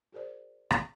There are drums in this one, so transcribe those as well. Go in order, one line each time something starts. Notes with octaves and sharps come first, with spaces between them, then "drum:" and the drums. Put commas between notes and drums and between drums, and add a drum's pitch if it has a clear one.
F#4 G#4 A#4 C5 D5
drum: rim click